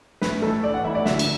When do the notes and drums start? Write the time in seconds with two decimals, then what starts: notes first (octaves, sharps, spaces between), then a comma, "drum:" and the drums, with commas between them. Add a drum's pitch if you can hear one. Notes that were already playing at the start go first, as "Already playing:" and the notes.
0.21 A2 B4, drum: snare
0.42 E3 A3 E4 A4
0.63 A2 D5
0.74 F#5
0.84 E3 A3 E4 E5
0.95 D5
1.05 D2 E5, drum: snare
1.19 drum: cymbal